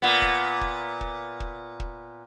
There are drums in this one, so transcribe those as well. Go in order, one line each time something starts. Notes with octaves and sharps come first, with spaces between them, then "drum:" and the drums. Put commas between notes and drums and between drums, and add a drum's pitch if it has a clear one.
A#2 B3
drum: kick
drum: kick
drum: kick
drum: kick
drum: kick